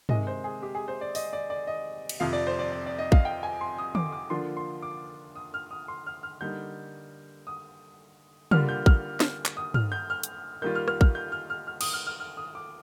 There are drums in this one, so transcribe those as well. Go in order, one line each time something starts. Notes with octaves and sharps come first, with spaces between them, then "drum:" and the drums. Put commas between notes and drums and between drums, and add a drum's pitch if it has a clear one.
C3 D#3 G#3 D#5, drum: tom
C5
G#4
G4
G#4
C5
D5
D#5, drum: open hi-hat
D5
D5
D#5
drum: cymbal
F2 C3 F3 F5
D5
C5
D5
D5
D5
D#5
F5, drum: kick
G5
G#5
C6
D#6
D6, drum: tom
D6
D3 F3 A#3 D4 F4 C6
C6
D6
D#6
F6
D#6
C6
F6
F6
D3 G3 A#3 D#4 G6
D#6
D3 G3 A#3 F4 F6, drum: tom
G6
F6, drum: kick
drum: snare
drum: clap
D#6
F6, drum: tom
G6
F6
drum: hi-hat
D#3 G3 A#3 F4 G6
F6
F6, drum: rim click
F6, drum: kick
G6
F6
F6
F6
D#6, drum: cymbal
F6
F6
F6
D#6
D6